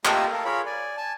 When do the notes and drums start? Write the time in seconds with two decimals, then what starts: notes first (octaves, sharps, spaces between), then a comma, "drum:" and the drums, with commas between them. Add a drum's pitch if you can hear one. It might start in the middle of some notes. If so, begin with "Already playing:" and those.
0.05 A3 A#3 F4 G4 D#5 E6, drum: clap
0.32 A4 A#4 F5
0.45 F4 G#4 A#4 C#5 B5
0.66 D5 G#5
0.97 G#5 A5